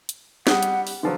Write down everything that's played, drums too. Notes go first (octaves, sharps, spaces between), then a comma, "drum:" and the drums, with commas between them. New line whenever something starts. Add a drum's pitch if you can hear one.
drum: hi-hat
G3 F#5 D#6 F#6, drum: snare
drum: hi-hat
drum: open hi-hat
D3 F3 F#3 B4